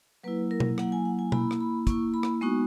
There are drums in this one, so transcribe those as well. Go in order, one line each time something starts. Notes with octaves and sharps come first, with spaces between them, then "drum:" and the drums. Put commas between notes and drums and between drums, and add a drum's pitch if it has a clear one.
F#3 A#3 E4 B4
A#4
drum: tom B2
F#3 A#3 E4 F#5, drum: rim click
G#5
F#5
G#5
A#3 E4 B5, drum: tom B2
drum: rim click
B5
A#3 E4 C#6, drum: kick, hi-hat
B5
drum: rim click
G#3 B3 D#4 F#4 C#6